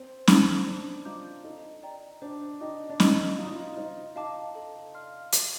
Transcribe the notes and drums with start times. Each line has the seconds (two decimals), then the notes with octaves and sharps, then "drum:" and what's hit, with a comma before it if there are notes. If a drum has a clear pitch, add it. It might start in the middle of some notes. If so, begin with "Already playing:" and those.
Already playing: C4
0.27 C5 D#5 A#5 D#6, drum: snare C#4
0.66 D4 C5
1.05 F4 D#5 A#5 D6 G6
1.44 D#4 A4
1.83 D5 G5 A#5
2.22 D4 C5
2.60 D#4 D#5 G5 D6
2.90 D4
3.00 D#4 C5, drum: snare C#4
3.38 F4 D#5 A#5 D#6
3.47 D#4
3.55 F4
3.77 D#4 C5
4.16 D#4 F5 A5 D6
4.55 A4
4.94 D5 F5 C6 F6
5.33 D#5, drum: hi-hat